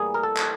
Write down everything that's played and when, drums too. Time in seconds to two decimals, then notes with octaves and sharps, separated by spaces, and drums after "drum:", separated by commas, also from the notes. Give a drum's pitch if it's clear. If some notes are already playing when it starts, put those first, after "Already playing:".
Already playing: A2 E3 G3 A#3 G#4
0.14 A#4
0.23 A4
0.37 drum: clap